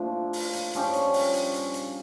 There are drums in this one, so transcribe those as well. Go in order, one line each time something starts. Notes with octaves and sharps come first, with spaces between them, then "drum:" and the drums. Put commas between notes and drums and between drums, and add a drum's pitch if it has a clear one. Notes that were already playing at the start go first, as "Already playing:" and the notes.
Already playing: A2 F3 A#3 D4
drum: open hi-hat
drum: hi-hat
G2 F3 C#4 G4, drum: hi-hat
drum: hi-hat
drum: open hi-hat
drum: hi-hat
drum: hi-hat
drum: hi-hat